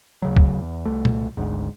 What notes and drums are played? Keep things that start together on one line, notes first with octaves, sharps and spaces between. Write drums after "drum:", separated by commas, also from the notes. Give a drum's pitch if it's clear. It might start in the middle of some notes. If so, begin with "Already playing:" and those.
D2 C#3 F#3
drum: kick
E2
C2 A3
drum: tom A#2
G#1 D2 G#2